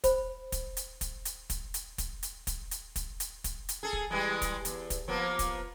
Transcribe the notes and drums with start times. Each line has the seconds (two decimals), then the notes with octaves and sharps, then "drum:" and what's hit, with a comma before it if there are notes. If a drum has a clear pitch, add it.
0.04 C5 B5, drum: kick, hi-hat
0.52 drum: kick, hi-hat
0.77 drum: hi-hat
1.01 drum: kick, hi-hat
1.25 drum: hi-hat
1.50 drum: kick, hi-hat
1.74 drum: hi-hat
1.98 drum: kick, hi-hat
2.23 drum: hi-hat
2.47 drum: kick, hi-hat
2.71 drum: hi-hat
2.96 drum: kick, hi-hat
3.20 drum: hi-hat
3.44 drum: kick, hi-hat
3.69 drum: hi-hat
3.83 G#4 A4
3.93 drum: kick
4.11 E3 G3 G#3
4.42 drum: kick, hi-hat
4.65 E2, drum: hi-hat
4.90 drum: kick, hi-hat
5.08 F3 A#3 B3
5.39 drum: kick, hi-hat